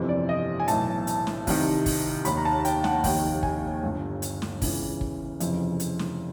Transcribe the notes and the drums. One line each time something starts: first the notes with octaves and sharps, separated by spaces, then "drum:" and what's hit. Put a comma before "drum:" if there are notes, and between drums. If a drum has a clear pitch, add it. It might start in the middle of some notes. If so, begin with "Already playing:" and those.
Already playing: G1 F2 C3 E3
D5
D#5
G#5
B1 A2 E3 A5, drum: hi-hat
drum: hi-hat
drum: snare
C2 C3 D#3, drum: kick, open hi-hat
drum: kick, open hi-hat
D#2 D#3 B5, drum: hi-hat
A#5
A5
G5, drum: hi-hat
F#5, drum: snare
F1 D#2 D#3 G5, drum: kick, open hi-hat
G#5, drum: kick
G1 G2 D3
drum: hi-hat
drum: snare
C#2 C#3 E3, drum: kick, open hi-hat
drum: kick
F1 F2 C#3 E3, drum: hi-hat
drum: hi-hat
drum: snare